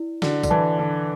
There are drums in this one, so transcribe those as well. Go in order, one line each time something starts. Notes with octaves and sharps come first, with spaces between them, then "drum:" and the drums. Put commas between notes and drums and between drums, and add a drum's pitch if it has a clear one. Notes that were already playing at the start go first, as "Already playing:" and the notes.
Already playing: E4 D5
D3 F#4, drum: snare
D3, drum: kick, tambourine
E3 A5
D3 A5